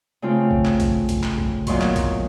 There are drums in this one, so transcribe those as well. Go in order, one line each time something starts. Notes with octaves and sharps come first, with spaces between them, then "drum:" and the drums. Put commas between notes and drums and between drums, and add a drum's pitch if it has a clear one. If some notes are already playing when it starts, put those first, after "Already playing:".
C#3 A3 C4 F4
drum: kick B1
drum: clap
drum: kick B1, hi-hat
drum: kick B1, hi-hat
drum: clap
drum: kick B1
E2 A#2 D#3 F#3 C6 C#6, drum: kick B1, hi-hat
drum: clap
drum: kick B1, hi-hat